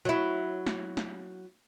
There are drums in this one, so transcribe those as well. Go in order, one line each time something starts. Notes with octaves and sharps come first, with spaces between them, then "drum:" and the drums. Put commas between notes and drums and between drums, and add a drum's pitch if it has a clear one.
F#3 E4
drum: snare
drum: snare